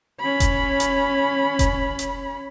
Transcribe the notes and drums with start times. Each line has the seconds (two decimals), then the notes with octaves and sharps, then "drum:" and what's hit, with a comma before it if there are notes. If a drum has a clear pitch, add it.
0.20 C#4 B5
0.40 drum: kick F1, hi-hat
0.80 drum: hi-hat
1.59 drum: kick F1, hi-hat
1.99 drum: hi-hat